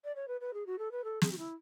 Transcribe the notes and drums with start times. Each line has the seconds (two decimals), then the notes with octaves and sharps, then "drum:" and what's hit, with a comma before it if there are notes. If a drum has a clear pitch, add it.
0.04 D5
0.15 C#5
0.27 B4
0.40 B4
0.53 G#4
0.66 F#4
0.78 A4
0.91 B4
1.04 A4
1.21 G#4, drum: snare
1.31 F#4
1.38 E4